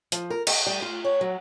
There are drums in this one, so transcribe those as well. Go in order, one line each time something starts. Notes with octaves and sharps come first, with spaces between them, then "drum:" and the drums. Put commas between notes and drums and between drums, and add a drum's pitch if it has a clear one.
F3, drum: hi-hat
A#4
D#5, drum: cymbal
G3
F4
C#5
F#3